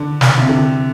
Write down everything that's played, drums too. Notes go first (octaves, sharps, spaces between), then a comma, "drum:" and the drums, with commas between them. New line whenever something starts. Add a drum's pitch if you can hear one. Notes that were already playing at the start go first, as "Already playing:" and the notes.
Already playing: D3
drum: snare
C3
D3